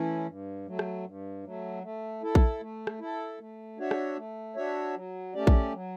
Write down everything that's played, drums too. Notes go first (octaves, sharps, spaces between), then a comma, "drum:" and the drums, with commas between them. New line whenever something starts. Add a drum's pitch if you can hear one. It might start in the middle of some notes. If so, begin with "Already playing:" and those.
Already playing: E3 A3 C#4 E4
G2
F#3 A3
drum: rim click
G2
F#3 A3
A3
E4 A4
drum: kick A#1
A3
drum: rim click
E4 A4
A3
D4 F#4 C#5 E5
drum: rim click
A3
D4 F#4 C#5 E5
F#3
A3 C#4 G4 D5
drum: kick A#1
F#3